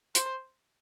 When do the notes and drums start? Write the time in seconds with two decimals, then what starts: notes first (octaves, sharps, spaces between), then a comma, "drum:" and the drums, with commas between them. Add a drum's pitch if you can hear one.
0.15 C5, drum: hi-hat